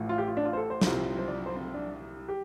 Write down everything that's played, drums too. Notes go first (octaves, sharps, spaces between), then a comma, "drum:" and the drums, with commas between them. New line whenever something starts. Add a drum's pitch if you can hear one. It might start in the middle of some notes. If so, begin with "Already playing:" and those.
Already playing: A1 A2 F3
F4
G4
F4
D4
F4
C5
A4
C5
C2 C3 F3, drum: snare
C5
D5
C5
C4
D4
G4